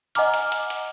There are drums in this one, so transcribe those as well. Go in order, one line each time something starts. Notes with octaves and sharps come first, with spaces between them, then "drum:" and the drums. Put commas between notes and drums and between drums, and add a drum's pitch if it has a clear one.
D#5 F#5 G#5 A#5 D6 F6, drum: hi-hat
drum: hi-hat
drum: hi-hat
drum: hi-hat